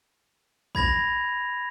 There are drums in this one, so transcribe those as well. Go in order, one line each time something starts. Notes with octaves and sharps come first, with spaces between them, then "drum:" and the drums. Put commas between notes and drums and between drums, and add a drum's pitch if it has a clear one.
B5 G#6 A#6 F7, drum: kick